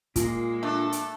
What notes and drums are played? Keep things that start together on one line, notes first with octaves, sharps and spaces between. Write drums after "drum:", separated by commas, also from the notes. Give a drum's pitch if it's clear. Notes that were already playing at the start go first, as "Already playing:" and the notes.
A#2 G#3 A#3, drum: kick, hi-hat
A3 D4 A4
drum: hi-hat